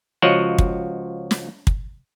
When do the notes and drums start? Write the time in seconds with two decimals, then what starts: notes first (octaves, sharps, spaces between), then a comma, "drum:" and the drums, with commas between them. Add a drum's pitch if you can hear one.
0.22 C#2 F3 F#4 C#5 D#5 F#5
0.58 drum: kick
1.31 drum: snare
1.67 drum: kick